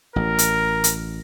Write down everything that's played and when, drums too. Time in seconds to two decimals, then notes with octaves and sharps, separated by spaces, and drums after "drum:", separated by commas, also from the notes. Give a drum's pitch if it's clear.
0.16 A1 A#4
0.38 drum: hi-hat
0.84 drum: hi-hat